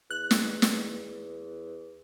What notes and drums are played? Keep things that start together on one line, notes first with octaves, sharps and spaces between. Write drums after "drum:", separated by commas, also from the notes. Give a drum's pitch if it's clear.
E2 F#6
drum: snare
drum: snare